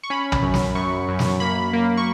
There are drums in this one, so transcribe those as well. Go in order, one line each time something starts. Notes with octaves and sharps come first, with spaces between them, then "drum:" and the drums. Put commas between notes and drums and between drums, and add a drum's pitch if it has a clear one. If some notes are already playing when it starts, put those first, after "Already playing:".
C#6
C#4 B5
drum: tom
F#2
drum: snare
F#2 C#6
F#2
drum: snare
A#3 B5
A#3
C#6